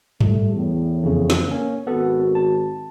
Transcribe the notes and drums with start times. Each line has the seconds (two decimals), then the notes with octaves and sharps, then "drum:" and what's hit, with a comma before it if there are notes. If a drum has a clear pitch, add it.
0.21 G3 A3, drum: tom G2
0.54 E2 A2
1.03 F2 C#3
1.30 drum: snare
1.48 A#3 C#4
1.87 G#1 B3 F#4 A4
2.35 A5